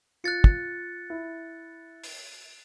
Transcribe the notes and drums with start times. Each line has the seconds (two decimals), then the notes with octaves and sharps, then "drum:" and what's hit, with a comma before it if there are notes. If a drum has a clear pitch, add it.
0.24 F4 F#6 A6 C#7
0.44 drum: kick
1.10 E4
2.04 drum: open hi-hat